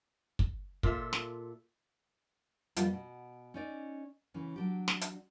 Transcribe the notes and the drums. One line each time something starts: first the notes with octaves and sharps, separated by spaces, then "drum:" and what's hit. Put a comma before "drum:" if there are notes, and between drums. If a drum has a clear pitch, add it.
drum: kick
A#2 F4 A4 E5, drum: kick
drum: snare
F2 G3 A#3 B3 F4, drum: hi-hat
B2
C#4 D#4 D5
C#3 E3 C#4
F#3 D4 G4
drum: snare
drum: hi-hat